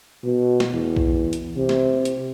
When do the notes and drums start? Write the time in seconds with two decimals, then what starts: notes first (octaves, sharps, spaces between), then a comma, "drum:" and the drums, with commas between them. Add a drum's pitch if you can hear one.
0.24 B2
0.60 drum: snare
0.74 E2
0.97 drum: kick B1
1.33 drum: hi-hat
1.57 C3
1.69 drum: snare
2.05 drum: hi-hat